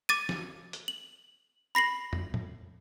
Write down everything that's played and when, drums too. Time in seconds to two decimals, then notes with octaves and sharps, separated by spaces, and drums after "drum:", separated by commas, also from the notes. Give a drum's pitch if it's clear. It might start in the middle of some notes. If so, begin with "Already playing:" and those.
0.09 D6 A6 D#7
0.29 drum: snare
0.73 drum: hi-hat
0.88 F#7
1.75 B5 A#6 C7 F#7
2.13 drum: tom
2.34 drum: tom A2